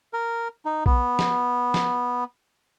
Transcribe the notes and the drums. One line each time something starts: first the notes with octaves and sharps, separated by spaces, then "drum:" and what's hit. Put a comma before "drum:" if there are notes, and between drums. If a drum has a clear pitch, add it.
A#4
D#4
B3, drum: kick A#1
drum: snare
drum: snare